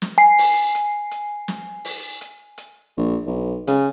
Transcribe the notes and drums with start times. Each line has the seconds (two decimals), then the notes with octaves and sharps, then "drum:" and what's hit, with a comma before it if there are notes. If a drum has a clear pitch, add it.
0.02 drum: snare
0.18 G#5 C7
0.38 drum: open hi-hat
0.75 drum: hi-hat
1.11 drum: hi-hat
1.48 drum: snare
1.85 drum: open hi-hat
2.21 drum: hi-hat
2.58 drum: hi-hat
2.97 A#1
3.26 B1
3.68 C#3, drum: hi-hat